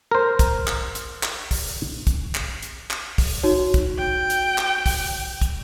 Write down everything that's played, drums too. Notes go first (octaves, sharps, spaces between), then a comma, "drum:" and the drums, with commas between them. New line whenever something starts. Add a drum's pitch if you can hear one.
A#4 C5
drum: kick, hi-hat
drum: clap
drum: hi-hat
drum: clap
drum: kick, open hi-hat
drum: kick, hi-hat
drum: clap
drum: hi-hat
drum: clap
drum: kick, open hi-hat
D#4 F#4 C#5
drum: kick, hi-hat
G5
drum: hi-hat
drum: clap
drum: kick, open hi-hat
drum: kick, hi-hat